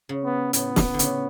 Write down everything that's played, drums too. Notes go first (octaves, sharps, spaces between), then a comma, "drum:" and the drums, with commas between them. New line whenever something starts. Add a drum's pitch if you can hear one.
C#3
B3
A2 B3, drum: hi-hat
drum: snare
D3
C#3, drum: hi-hat